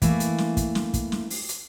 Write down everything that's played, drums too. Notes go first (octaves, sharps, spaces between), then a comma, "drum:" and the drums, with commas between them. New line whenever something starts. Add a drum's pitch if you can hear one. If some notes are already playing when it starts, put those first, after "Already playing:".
E3 A3 A#3, drum: kick, hi-hat
drum: hi-hat
drum: snare
drum: kick, hi-hat
drum: snare
drum: kick, hi-hat
drum: snare
drum: open hi-hat
drum: hi-hat